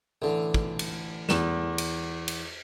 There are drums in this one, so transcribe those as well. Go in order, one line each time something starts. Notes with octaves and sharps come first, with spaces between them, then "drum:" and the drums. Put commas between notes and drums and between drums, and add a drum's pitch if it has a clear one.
A1 D3
drum: kick
drum: cymbal
E2 E7, drum: snare
drum: cymbal
drum: cymbal